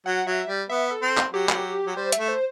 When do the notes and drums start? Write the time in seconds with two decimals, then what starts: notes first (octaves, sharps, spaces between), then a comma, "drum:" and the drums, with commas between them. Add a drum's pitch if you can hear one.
0.06 F#3 F#5
0.27 F#3 E5
0.48 G3
0.69 B3 E5
0.91 A4
1.02 C4
1.17 drum: clap
1.33 F#3 G4
1.49 drum: clap
1.86 F#3
1.96 G3 C5
2.12 E5, drum: hi-hat
2.18 A3
2.28 C5